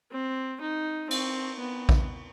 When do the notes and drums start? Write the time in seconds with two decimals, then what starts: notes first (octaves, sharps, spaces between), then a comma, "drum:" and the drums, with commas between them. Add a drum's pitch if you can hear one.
0.12 C4
0.61 D#4
1.11 C4, drum: cymbal
1.60 B3
1.89 drum: kick A#1